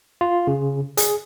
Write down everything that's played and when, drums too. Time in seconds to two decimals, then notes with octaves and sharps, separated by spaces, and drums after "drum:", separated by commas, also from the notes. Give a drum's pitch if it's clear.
0.21 F4
0.47 C#3
0.97 G#4, drum: hi-hat